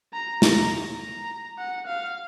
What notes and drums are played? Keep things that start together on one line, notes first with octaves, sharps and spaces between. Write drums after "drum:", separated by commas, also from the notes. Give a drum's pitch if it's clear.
A#5
A#5, drum: snare
A#5
F#5
F5